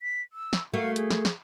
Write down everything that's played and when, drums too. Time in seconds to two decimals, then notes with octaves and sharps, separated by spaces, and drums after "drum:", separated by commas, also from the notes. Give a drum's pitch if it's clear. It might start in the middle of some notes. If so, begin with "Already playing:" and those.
0.02 B6
0.33 E6
0.53 drum: snare
0.74 A3 A#3 F#4 F5
0.96 G#4, drum: hi-hat
1.10 drum: snare
1.25 drum: snare